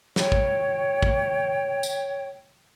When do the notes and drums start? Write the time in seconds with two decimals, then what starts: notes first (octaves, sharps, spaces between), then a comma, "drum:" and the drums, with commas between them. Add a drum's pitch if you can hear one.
0.16 C#5 G5, drum: snare
0.32 drum: kick
1.03 drum: kick
1.83 drum: tambourine